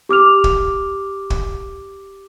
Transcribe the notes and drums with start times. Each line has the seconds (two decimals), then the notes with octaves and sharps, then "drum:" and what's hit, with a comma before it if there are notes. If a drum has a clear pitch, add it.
0.09 G4 D6 F6 F7
0.44 drum: kick
1.30 drum: kick